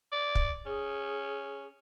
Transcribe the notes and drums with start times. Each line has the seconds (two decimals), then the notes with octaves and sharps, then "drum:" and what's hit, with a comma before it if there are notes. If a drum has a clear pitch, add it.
0.12 D5
0.35 drum: kick
0.66 C#4 G#4